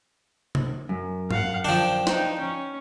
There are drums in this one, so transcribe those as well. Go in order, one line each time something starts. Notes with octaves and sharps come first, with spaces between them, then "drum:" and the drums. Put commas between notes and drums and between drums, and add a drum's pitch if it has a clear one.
drum: tom C3
F#2
F5 F#5, drum: tom G#2
F3 D4 G5
D#4 G5, drum: snare
C#4